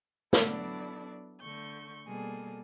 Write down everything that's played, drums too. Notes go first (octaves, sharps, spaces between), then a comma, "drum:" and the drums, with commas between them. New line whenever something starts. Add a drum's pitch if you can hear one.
F#3 B3 D4 E4 A4 D5, drum: snare
D3 A3 C#6 G6
B2 G3 A#3 G#4 A4